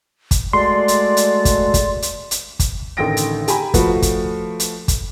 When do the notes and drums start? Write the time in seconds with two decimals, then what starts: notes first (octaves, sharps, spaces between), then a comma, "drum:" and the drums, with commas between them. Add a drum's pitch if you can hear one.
0.31 drum: kick, hi-hat
0.53 G#3 A3 F#4 D5 C6
0.88 drum: hi-hat
1.17 drum: hi-hat
1.45 drum: kick, hi-hat
1.74 drum: kick, hi-hat
2.02 drum: hi-hat
2.31 drum: hi-hat
2.60 drum: kick, hi-hat
2.97 A1 D3 D#3 G5 A#6 D7
3.17 drum: hi-hat
3.48 G4 G#5 A#5 B5, drum: hi-hat
3.74 F3 A3 F#4 B4, drum: kick, hi-hat
4.02 drum: kick, hi-hat
4.60 drum: hi-hat
4.88 drum: kick, hi-hat